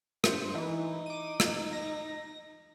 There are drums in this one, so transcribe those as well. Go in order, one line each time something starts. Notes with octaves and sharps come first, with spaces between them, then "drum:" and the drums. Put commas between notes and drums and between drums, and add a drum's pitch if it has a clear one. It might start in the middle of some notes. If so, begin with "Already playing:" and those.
G2 C5 E5 C#7, drum: rim click
E3 D#4
D6 D#7
drum: rim click
A#6